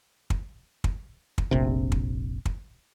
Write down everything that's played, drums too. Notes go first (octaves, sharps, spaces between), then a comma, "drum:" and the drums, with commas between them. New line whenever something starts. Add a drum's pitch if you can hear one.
drum: kick
drum: kick
drum: kick
F1 A#1 C3
drum: kick
drum: kick